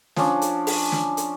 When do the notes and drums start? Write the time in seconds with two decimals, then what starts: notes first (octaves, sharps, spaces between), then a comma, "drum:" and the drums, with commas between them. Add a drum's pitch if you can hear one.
0.16 F3 C#4 D4, drum: snare
0.42 drum: hi-hat
0.67 drum: open hi-hat
0.92 drum: snare
1.17 drum: hi-hat